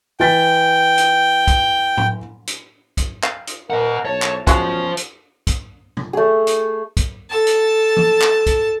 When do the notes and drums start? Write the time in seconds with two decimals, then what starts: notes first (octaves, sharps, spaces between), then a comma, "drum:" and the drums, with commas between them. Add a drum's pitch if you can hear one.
0.20 E3 G5 A6 B6
0.98 drum: hi-hat
1.48 drum: kick, hi-hat
1.97 drum: tom A2
2.47 drum: hi-hat
2.97 drum: kick, hi-hat
3.23 F5, drum: clap
3.47 drum: hi-hat
3.70 A#4 D#5 F#5
4.05 B1 E4 C#5 A5
4.22 drum: clap
4.47 E2 A#2 G#3 C#4 F4 F#4 C5 F5, drum: kick, hi-hat
4.97 drum: hi-hat
5.47 drum: kick, hi-hat
5.97 drum: tom
6.13 A3 G#4
6.47 drum: hi-hat
6.97 drum: kick, hi-hat
7.30 A4 A5
7.47 drum: hi-hat
7.97 drum: tom
8.22 drum: clap
8.46 drum: kick, hi-hat